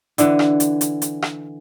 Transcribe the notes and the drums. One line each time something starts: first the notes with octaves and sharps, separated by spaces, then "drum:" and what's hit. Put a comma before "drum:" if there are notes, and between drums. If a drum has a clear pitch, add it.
D3 E3, drum: hi-hat
drum: rim click
drum: hi-hat
drum: hi-hat
drum: hi-hat
drum: rim click